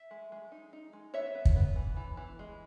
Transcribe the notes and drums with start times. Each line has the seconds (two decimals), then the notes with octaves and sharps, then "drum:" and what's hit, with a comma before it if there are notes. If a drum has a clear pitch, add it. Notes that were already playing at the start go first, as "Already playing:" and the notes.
Already playing: E5
0.11 G#3
0.32 G#3
0.52 D#4
0.73 D#4
0.93 G#3
1.14 B3 C#5 E5
1.35 B3
1.45 drum: kick
1.56 B3
1.76 E3
1.97 E3
2.17 E3
2.39 G#3